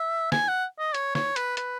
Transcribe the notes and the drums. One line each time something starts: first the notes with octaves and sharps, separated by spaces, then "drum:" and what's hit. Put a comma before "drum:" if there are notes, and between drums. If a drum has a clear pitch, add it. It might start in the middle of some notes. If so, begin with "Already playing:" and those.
Already playing: E5
G#5, drum: snare
F#5
D#5
C#5, drum: hi-hat
C#5, drum: snare
B4, drum: hi-hat
B4, drum: hi-hat